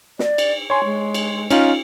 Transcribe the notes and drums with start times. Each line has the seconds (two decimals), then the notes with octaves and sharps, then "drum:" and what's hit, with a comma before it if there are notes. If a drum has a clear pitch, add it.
0.19 D5, drum: snare
0.38 drum: cymbal
0.70 C#5 G#5 C6
0.84 G#3
1.14 drum: cymbal
1.50 C#4 D#4 F4, drum: cymbal